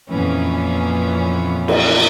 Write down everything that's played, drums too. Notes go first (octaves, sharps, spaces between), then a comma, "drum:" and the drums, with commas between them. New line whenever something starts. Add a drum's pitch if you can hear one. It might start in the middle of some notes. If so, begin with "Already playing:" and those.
F2 A#2 E3 B3 C#4
drum: cymbal